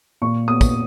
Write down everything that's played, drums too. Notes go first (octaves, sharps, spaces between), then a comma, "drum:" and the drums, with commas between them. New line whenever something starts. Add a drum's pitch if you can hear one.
A#2 C#6
B3 D#6
drum: kick, tambourine